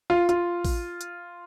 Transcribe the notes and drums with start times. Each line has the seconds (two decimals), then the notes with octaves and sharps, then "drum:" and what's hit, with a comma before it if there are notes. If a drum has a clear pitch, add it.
0.10 F4
0.29 F4, drum: hi-hat
0.65 drum: kick A1, open hi-hat
1.01 drum: hi-hat